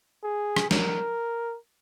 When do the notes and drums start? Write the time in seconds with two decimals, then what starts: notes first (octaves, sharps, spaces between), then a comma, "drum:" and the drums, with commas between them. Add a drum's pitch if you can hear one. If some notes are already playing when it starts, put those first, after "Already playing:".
0.24 G#4
0.56 drum: rim click
0.71 A#4, drum: snare